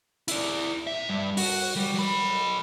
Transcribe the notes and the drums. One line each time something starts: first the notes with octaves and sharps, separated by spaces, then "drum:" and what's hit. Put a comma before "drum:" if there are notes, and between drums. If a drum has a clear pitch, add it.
E4 D5, drum: hi-hat
A#2 E5
G2
F#4, drum: open hi-hat
G3
F#3 B5